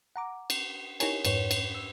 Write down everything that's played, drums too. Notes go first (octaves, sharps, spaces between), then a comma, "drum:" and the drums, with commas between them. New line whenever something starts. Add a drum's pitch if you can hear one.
F#5 A#5 D6
drum: cymbal
D#4 E4 G4 A#4 C#5 G#5, drum: cymbal
F2 G#2 B4 C#5, drum: cymbal
drum: cymbal
E6